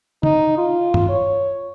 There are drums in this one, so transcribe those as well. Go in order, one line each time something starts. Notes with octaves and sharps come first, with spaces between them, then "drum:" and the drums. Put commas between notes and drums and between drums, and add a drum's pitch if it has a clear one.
D#4, drum: tom
F4
drum: tom G2
C#5